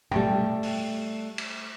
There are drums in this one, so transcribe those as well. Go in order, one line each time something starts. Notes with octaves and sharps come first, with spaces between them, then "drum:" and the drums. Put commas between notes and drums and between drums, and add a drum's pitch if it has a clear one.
G3 A3 G5, drum: tom A#2
drum: open hi-hat
drum: cymbal